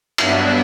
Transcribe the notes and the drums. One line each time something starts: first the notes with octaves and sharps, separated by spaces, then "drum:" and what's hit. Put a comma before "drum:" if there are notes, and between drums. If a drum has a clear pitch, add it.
G2 F#3 B3 D4 E5, drum: cymbal